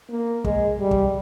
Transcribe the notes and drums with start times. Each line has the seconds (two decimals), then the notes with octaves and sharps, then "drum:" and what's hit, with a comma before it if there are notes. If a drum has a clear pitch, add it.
0.09 A#3
0.45 G#3, drum: kick
0.80 G3
0.91 drum: kick